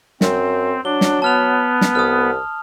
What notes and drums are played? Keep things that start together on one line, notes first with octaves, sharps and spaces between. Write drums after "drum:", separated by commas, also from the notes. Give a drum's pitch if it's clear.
F#2 C4, drum: snare
F#3 D4 G7
drum: snare
B3 A5 F6 F7
drum: snare
C2 D#6 F6